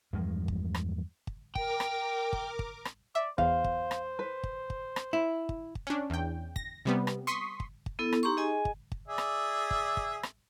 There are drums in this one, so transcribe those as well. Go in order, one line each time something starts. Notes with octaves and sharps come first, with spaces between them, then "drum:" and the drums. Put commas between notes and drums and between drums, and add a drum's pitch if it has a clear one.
E2 G2 F3 G#3
drum: kick
drum: rim click
drum: kick
A#4 G5 D6, drum: kick
drum: rim click
drum: kick
drum: kick
drum: rim click
D5 E5
E2 C5 F5, drum: kick
drum: kick
drum: rim click
B4
drum: kick
drum: kick
drum: rim click
E4
drum: kick
drum: kick
C#4 D4
E2 G5
A#6, drum: kick
C3 G3 B3
drum: rim click
C6 C#6 D#6 B6
drum: kick
drum: kick
B3 E4 A4
drum: rim click
D#4 G4 A#5 C6 C#6
G#4 D#5 G#5
drum: kick
drum: kick
G#4 D5 E5
drum: rim click
drum: kick
drum: kick
drum: rim click